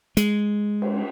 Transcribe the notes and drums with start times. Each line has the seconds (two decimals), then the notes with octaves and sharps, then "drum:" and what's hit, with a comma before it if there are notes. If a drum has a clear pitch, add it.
0.17 G#3, drum: hi-hat
0.82 drum: cymbal